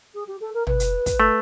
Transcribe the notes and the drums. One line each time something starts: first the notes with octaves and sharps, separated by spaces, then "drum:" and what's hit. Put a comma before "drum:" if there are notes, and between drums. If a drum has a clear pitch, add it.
G#4
G4
A4
A#4
B4, drum: tom
drum: hi-hat
drum: kick, hi-hat
A3